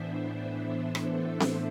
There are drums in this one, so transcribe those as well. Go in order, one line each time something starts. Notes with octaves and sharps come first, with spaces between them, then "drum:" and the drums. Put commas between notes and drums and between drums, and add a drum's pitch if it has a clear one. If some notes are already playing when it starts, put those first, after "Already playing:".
Already playing: A2 E3 B3 D4 C5 E5
A4 C5, drum: rim click
drum: snare C4